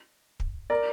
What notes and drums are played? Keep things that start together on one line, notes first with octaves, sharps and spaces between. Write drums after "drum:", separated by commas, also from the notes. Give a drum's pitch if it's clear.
drum: kick
A#4 D5